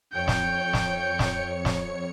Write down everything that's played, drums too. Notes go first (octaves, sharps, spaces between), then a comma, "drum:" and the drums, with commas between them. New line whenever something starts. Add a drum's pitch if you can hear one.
F2 C#5 G5 G6 C#7
drum: snare
drum: snare
drum: snare
drum: snare